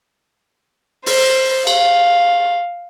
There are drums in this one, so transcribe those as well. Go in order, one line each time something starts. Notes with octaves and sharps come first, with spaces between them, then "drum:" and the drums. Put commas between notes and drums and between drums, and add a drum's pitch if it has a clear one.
C5, drum: open hi-hat
F5, drum: cymbal